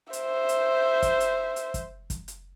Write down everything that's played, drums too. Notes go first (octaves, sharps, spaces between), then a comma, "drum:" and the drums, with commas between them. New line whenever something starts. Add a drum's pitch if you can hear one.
C5 E5, drum: hi-hat
drum: hi-hat
drum: kick, hi-hat
drum: hi-hat
drum: hi-hat
drum: kick, hi-hat
drum: kick, hi-hat
drum: hi-hat